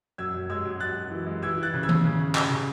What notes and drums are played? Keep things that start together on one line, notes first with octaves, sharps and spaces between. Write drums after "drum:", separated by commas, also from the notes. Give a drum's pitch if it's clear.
F#2 E6 G#6
F#2
G#3 E6 G#6
F#2
F#2 F#6 A6
F#2
E3
G#3
E3 E6 G#6
E3
F#6 A6
C#3
E6 G#6
C#3, drum: tom D#3
C#3
C#3
C#3, drum: clap
C#3